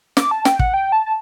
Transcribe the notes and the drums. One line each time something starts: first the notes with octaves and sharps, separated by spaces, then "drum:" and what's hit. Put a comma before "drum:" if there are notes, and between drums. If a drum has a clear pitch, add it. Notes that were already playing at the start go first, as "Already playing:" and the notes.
D6, drum: snare
A5
G5, drum: snare
F#5, drum: kick
G5
A5
A5